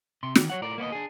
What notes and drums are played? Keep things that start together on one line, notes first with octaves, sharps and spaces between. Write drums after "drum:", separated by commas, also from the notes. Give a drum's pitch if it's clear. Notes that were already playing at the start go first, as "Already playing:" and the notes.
C3 C6
D#3 E3, drum: snare
F#3 C#5 F#5
A2 A#4 D5
A#3 B3 D5 D#5
D4 G#4